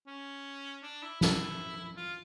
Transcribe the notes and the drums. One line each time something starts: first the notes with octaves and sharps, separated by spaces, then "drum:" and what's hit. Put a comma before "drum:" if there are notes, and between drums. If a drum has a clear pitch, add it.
C#4
D4
E4
E4, drum: snare
F4